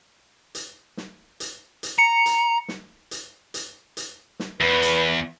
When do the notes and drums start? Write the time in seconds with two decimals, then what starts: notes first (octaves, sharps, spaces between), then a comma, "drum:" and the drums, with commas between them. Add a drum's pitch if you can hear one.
0.55 drum: hi-hat
0.97 drum: snare
1.40 drum: hi-hat
1.83 drum: hi-hat
1.98 A#5 C#7
2.26 drum: hi-hat
2.68 drum: snare
3.11 drum: hi-hat
3.54 drum: hi-hat
3.97 drum: hi-hat
4.40 drum: snare
4.61 E2 B4
4.82 drum: hi-hat